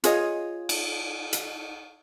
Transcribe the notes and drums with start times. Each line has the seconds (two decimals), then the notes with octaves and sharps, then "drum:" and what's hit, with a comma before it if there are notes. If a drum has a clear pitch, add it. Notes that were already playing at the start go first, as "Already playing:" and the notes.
0.04 F4 G#4 C#5 D#5, drum: hi-hat
0.69 drum: cymbal
1.33 drum: hi-hat